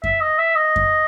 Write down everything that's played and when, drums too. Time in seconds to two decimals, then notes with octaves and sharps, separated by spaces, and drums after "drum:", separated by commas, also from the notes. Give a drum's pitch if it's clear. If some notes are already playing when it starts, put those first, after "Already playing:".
0.04 E5, drum: kick F#2
0.21 D#5
0.38 E5
0.55 D#5
0.76 drum: kick F#2